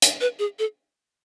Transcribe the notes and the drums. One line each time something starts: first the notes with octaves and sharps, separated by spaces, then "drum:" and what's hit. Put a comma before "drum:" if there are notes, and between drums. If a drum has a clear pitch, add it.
drum: hi-hat
B4
G#4
A4